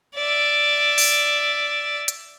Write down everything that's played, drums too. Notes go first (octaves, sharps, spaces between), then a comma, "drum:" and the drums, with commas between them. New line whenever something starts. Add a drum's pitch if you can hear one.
D5 E5
drum: open hi-hat
drum: hi-hat